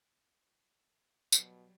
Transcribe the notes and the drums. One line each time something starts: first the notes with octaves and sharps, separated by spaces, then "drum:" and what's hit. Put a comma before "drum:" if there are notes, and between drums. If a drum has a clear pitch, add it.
B2 F#3 G3, drum: tambourine